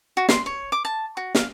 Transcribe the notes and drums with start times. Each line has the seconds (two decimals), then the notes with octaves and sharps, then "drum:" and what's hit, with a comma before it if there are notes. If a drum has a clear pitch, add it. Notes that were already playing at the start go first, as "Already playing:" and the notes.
0.17 F#4
0.29 C6, drum: snare
0.46 C#5
0.72 D6
0.85 A5
1.17 F#4
1.35 F5, drum: snare